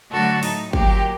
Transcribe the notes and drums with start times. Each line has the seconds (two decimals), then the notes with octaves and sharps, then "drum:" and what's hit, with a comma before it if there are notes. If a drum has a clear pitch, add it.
0.11 D3 F#3 A3 F#4 A4
0.43 A2 A3 D#4, drum: open hi-hat
0.73 A#2 F#3 A#3 G4, drum: kick